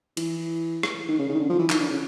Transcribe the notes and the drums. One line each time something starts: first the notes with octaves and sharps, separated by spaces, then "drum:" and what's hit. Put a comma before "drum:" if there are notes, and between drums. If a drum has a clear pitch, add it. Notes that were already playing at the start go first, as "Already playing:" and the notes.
E3, drum: cymbal
drum: rim click
D#3
C#3
C#3
D#3
D3
F3
E3
D#3, drum: clap
D3
C#3